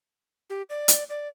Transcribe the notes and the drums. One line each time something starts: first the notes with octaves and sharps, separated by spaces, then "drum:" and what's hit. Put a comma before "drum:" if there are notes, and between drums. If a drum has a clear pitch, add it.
G4
D5
drum: hi-hat
D5